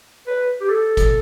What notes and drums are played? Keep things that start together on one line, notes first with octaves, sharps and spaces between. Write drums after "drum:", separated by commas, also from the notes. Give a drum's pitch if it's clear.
B4
G4
A4
drum: kick G1, hi-hat